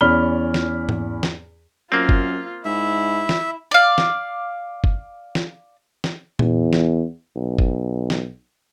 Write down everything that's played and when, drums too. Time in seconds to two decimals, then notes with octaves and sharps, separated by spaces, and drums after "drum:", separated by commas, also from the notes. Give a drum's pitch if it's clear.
0.01 E2 C#4 D5 B5 F6 G7
0.54 drum: snare
0.89 drum: tom G#2
1.23 drum: snare
1.92 F#2 A#3 C4 F4
2.09 drum: kick
2.65 G#2 E4 E5
3.29 drum: snare
3.71 D5 F5
3.98 drum: snare
4.84 drum: kick
5.35 drum: snare
6.04 drum: snare
6.39 E2, drum: tom A#2
6.73 drum: snare
7.36 B1
7.59 drum: kick
8.10 drum: snare